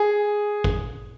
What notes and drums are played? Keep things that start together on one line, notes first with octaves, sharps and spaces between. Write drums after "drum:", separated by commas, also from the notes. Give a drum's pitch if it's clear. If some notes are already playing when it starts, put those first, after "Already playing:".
Already playing: G#4
drum: kick